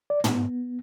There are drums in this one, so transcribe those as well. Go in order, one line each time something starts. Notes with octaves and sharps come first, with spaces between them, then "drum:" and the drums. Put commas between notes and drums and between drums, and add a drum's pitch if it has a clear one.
D5
B3, drum: tom